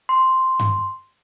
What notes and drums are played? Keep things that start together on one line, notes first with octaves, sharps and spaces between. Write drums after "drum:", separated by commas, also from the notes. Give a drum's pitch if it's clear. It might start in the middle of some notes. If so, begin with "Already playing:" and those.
C6
drum: tom G2